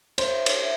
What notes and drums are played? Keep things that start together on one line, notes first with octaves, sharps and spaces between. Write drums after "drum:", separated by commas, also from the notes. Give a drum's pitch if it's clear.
C5, drum: cymbal
drum: cymbal